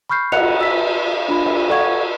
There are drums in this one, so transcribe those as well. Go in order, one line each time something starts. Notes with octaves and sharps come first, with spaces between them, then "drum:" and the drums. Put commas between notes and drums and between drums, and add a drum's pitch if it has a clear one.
B5 C#6 F6 G6 C7
D#5 F#5 F#6 C#7 F7, drum: cymbal
E6 B6
E5
D4 F4 B5
drum: cymbal
A4 D5 F5 F#5 C#6 G#6